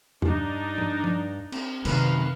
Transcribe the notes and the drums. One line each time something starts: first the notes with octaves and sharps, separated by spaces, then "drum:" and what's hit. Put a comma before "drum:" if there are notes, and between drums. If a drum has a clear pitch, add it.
G2 D4 D#4, drum: tom E2
drum: tom G#2
drum: tom
C4, drum: cymbal
F#2 C3 D#3 B4 F5 A#5, drum: cymbal